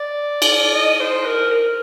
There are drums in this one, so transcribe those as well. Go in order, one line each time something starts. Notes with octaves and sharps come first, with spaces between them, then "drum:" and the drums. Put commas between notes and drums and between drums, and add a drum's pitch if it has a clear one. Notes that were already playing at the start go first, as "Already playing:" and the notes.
Already playing: D5
drum: cymbal
D#5
C5
A#4
A#4